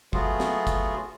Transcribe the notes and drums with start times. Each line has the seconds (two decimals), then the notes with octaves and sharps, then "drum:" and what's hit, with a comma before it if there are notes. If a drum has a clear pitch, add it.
0.13 F#3 A3 B3 F4 F#4 G#4, drum: kick
0.40 drum: snare
0.67 drum: kick, hi-hat